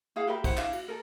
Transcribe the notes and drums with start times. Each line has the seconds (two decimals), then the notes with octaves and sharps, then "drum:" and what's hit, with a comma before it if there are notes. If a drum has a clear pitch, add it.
0.16 E4 G#4 F5 F#5
0.27 G4 A#4 E5 B5
0.44 E4 C5 F#5, drum: kick, cymbal
0.58 D4 E4 F5, drum: clap
0.73 F#4, drum: cymbal
0.88 A4 A#4